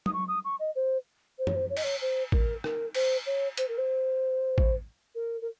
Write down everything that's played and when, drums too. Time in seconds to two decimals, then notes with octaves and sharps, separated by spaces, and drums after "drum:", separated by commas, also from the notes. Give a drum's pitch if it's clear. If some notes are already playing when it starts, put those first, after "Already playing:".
0.06 D#6, drum: tom
0.13 C#6
0.28 D#6
0.45 C#6
0.59 D#5
0.75 C5
1.38 C5
1.47 C#5, drum: tom
1.55 C5
1.70 C#5
1.77 D#5, drum: cymbal
1.83 C#5
2.01 C5
2.32 A#4, drum: kick
2.64 A#4, drum: rim click
2.95 C5, drum: cymbal
3.26 C#5
3.57 C5, drum: hi-hat
3.68 A#4
3.78 C5
4.58 drum: kick
5.15 A#4
5.41 A#4